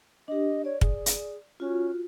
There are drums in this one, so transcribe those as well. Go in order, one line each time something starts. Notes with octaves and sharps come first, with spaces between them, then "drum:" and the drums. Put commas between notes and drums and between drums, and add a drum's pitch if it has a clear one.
D4 G4 D#5
C#5 D5
G#4, drum: kick
drum: hi-hat
C#4 F4 F#4